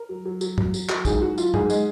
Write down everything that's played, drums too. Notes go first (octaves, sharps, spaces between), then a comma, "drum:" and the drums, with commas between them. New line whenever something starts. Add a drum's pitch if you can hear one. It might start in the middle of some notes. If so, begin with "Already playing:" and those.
Already playing: A#4
F#3
F#3
F#3, drum: tambourine
F#3, drum: tom
F#3, drum: tambourine
F#3, drum: clap
G#2 G#4, drum: kick, tambourine
F#3 F#4
F#3 F4, drum: tambourine
G#2 G#4, drum: tom
G#3, drum: tambourine